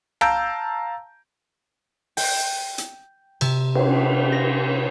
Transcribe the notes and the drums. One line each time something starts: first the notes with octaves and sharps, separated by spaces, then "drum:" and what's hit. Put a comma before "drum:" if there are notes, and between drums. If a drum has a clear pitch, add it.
F5 A5 A#5 E6 G6 D7, drum: rim click
G5, drum: open hi-hat
drum: hi-hat
C3, drum: cymbal
drum: cymbal
A#6